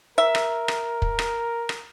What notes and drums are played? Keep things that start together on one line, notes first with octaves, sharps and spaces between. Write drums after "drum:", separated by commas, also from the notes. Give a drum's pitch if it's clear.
A#4 E5
drum: rim click
drum: rim click
drum: kick
drum: rim click
drum: rim click